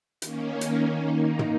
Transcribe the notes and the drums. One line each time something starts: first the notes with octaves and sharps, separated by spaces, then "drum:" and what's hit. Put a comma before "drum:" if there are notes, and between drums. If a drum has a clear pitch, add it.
D#3 A#3 C#4, drum: hi-hat
drum: hi-hat
D#3 A#3 D#4
drum: tom